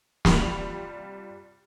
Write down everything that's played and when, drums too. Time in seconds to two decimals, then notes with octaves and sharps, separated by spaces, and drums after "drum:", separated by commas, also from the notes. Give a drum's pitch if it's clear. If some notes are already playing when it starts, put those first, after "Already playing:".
0.25 C2 G3 F4 B5 F7 F#7, drum: snare